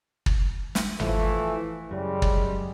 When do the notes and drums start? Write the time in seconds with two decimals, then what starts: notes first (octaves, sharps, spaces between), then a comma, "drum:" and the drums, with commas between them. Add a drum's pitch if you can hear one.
0.26 drum: kick
0.75 drum: snare
1.00 E3 F3 A3, drum: tom
1.91 F#2 C#3 G3 G#3
2.22 drum: kick